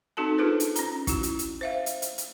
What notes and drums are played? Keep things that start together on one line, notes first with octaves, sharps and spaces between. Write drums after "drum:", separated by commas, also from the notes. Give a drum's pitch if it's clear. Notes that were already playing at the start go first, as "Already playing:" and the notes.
C4 D#4 F#4 A4 A5
D4 F4 G#4 A4 B4 C5
drum: hi-hat
C#4 A#5, drum: hi-hat
E4 F#4, drum: kick, hi-hat
drum: hi-hat
drum: hi-hat
C5 E5 F5
drum: hi-hat
drum: hi-hat
drum: hi-hat